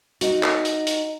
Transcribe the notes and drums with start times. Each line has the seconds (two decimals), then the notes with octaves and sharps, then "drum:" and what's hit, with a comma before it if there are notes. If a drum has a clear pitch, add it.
0.21 D#4 F#4, drum: hi-hat
0.43 drum: clap
0.65 drum: hi-hat
0.87 drum: hi-hat